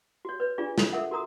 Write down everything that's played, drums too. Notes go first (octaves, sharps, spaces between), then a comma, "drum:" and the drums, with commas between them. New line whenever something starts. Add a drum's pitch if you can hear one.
F#4 C#5
B4 C#5
D4 F4 G#4 D5
F4, drum: snare
A4 A#4 E5 F#5
F#4 A#4 A#5 D#6